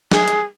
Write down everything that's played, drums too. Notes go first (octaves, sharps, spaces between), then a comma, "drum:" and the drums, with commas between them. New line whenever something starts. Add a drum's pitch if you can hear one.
G#4, drum: snare
drum: hi-hat